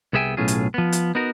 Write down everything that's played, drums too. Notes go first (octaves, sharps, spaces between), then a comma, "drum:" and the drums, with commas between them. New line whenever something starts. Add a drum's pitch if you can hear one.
C2 B3 G#4 E5 G5 G#5
B1 A2 C#4 F4 G#4
drum: hi-hat
F3 B3
drum: hi-hat
B3 D#4 F#4 A#4